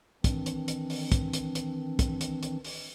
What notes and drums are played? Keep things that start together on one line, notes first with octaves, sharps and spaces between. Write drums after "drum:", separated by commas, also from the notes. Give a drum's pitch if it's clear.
D#3 E3 C4 D4, drum: kick, hi-hat
drum: hi-hat
drum: hi-hat
drum: open hi-hat
drum: kick, hi-hat
drum: hi-hat
drum: hi-hat
drum: kick, hi-hat
drum: hi-hat
drum: hi-hat
drum: open hi-hat